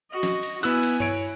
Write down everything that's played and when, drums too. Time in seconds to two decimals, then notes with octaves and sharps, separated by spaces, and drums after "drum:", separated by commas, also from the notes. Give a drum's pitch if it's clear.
0.11 F#4 D#5
0.23 drum: snare
0.43 drum: cymbal
0.63 B3 E4 G#5 E6 F#6, drum: cymbal
0.83 drum: cymbal
1.00 E4 C#5 D7, drum: tom G2